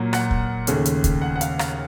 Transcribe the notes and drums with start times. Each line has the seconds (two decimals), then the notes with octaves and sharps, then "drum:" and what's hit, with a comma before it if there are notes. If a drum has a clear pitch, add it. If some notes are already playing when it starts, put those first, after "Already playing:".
Already playing: A#2 F#3 A#3
0.13 F#5, drum: rim click
0.31 drum: kick
0.67 D#2 C#3 A3, drum: hi-hat
0.86 drum: hi-hat
1.04 drum: kick, hi-hat
1.22 F#5
1.36 F#5
1.41 F5, drum: hi-hat
1.59 F5, drum: rim click